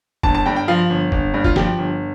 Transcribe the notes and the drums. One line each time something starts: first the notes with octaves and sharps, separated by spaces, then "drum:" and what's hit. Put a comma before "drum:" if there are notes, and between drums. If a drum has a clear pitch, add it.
G1 A5, drum: kick F1
A5
G2 G5
G5
F3 F5
G1
G1, drum: kick F1
G2
F4, drum: kick F1
F3 G4, drum: snare
G1